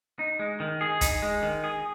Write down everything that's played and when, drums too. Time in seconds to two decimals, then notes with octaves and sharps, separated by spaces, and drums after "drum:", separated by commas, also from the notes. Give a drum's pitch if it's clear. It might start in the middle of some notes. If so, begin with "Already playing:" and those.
0.19 D#4
0.39 G#3
0.60 D#3
0.81 G#4
1.01 D#4, drum: kick, hi-hat
1.22 G#3
1.42 D#3
1.64 G#4